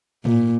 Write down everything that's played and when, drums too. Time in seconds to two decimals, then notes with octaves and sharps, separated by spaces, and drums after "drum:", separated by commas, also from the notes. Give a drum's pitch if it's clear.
0.25 A#2, drum: tom